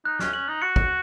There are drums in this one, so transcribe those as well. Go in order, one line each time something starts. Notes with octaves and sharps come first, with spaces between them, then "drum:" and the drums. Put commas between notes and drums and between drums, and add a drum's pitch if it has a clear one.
D#4 F#6
C#4, drum: snare
C#4 F#7
D#4
F#4 C#7
drum: kick